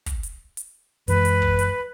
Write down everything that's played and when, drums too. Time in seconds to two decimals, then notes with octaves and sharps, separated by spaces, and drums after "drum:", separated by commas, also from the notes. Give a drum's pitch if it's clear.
0.06 drum: kick, hi-hat
0.23 drum: hi-hat
0.57 drum: hi-hat
1.08 F#2 E3 G#3 B4, drum: hi-hat
1.25 drum: hi-hat
1.42 drum: kick
1.59 drum: hi-hat